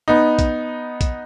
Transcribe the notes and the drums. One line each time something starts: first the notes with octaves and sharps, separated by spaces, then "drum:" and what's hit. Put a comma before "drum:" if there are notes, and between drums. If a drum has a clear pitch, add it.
B3 D#4
drum: kick A#1, hi-hat
drum: kick A#1, hi-hat